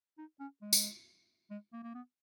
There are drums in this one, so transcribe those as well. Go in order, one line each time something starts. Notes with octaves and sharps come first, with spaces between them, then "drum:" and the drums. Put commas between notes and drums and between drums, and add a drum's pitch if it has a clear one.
D#4
C#4
G#3
drum: tambourine
G#3
A#3
A#3
B3